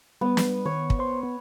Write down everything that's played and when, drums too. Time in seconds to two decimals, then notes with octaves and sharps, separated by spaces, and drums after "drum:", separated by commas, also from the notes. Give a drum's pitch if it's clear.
0.21 G3 B3 B4
0.37 drum: snare
0.66 D#3 C#5
0.90 drum: kick
0.99 C5 C6
1.23 B3